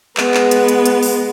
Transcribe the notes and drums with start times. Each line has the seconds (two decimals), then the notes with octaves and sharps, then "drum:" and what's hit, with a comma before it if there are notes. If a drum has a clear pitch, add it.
0.17 G#3 B3, drum: clap
0.34 drum: clap
0.51 drum: hi-hat
0.68 drum: hi-hat
0.86 drum: hi-hat
1.03 drum: open hi-hat